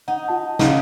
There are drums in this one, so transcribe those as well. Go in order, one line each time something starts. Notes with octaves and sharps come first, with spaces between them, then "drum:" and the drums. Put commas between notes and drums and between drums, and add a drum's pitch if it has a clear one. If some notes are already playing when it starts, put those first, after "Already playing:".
D#4 F#5
F4 F#5 A5
C#3 D#4, drum: snare